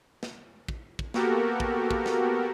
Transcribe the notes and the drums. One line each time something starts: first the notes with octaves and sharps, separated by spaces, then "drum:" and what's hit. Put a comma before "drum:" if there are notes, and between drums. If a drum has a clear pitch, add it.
drum: snare
drum: kick
drum: kick
A#3 B3 F#4 G4 A4 A#4, drum: snare
drum: kick
drum: kick
drum: snare